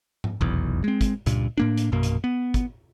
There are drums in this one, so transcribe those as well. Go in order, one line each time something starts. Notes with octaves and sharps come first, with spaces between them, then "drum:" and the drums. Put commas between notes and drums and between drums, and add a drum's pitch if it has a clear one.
drum: tom G#2
F1 B1 E2
G#3 C4
drum: kick, hi-hat
C#2 G2 A#2, drum: hi-hat
A2 A#3 D4
drum: hi-hat
A#1 F#2 B2 A#3
drum: hi-hat
B3
drum: kick, hi-hat